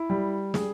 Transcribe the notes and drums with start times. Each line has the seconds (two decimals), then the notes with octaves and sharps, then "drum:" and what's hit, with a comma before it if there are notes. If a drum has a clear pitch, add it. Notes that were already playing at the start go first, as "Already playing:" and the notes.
Already playing: E4
0.10 G3
0.54 G3 G#4, drum: snare